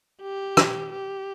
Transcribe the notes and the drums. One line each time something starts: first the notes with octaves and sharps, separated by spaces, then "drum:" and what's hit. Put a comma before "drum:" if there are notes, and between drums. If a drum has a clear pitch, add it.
G4
drum: rim click
G4